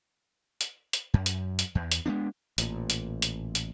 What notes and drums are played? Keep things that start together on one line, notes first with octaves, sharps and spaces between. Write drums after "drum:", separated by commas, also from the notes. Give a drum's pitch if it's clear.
drum: hi-hat
drum: hi-hat
F#2
drum: hi-hat
drum: hi-hat
E2
drum: hi-hat
G#3 A#3 B3 D4
A1 A#2, drum: hi-hat
drum: hi-hat
drum: hi-hat
drum: hi-hat